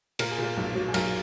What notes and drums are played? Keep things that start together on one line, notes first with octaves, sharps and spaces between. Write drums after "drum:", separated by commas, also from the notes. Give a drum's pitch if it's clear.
A#2 A#4, drum: cymbal
G#4
A#2 A#4
B1
F#3
G#4
B1 A#4, drum: cymbal